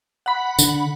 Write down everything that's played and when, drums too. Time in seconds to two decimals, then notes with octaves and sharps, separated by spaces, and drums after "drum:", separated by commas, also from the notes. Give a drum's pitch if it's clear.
0.26 F#5 B5
0.59 D3, drum: tambourine